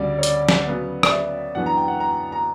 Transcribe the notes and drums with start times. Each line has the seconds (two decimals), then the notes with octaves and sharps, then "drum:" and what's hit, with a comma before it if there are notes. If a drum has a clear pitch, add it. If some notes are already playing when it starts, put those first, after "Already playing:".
Already playing: D2 C#3 G3 D5
0.18 C#5
0.23 D5, drum: hi-hat
0.49 drum: snare
0.67 C#3 F#3 B3
1.03 D5, drum: rim click
1.11 E5
1.55 F#2 E3 B3 D4 F#5
1.66 A#5
1.77 G5
1.88 F#5
2.00 A#5
2.32 A#5